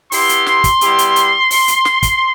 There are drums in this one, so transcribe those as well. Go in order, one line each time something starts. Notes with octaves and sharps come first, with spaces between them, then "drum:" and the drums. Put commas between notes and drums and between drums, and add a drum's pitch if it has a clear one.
B3 E4 G4 C6, drum: open hi-hat
drum: hi-hat
drum: snare
drum: kick, hi-hat
G3 B3 E4 G4, drum: hi-hat
drum: hi-hat
drum: hi-hat
drum: open hi-hat
drum: hi-hat
drum: snare
drum: kick, hi-hat